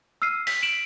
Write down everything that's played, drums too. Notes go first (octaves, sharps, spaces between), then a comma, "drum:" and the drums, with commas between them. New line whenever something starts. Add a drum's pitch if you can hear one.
E6 F6 C7 D#7
B6, drum: open hi-hat
D7 E7 F#7